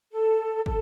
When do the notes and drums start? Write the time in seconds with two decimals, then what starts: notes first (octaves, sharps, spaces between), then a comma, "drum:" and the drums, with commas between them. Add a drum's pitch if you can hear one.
0.12 A4
0.66 A4, drum: kick